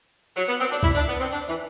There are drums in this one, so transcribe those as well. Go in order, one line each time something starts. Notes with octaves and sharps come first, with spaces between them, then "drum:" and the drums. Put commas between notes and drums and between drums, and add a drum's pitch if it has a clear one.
F#3
B3
C4
D4
E4, drum: kick
D4
B3
C4
D4
E3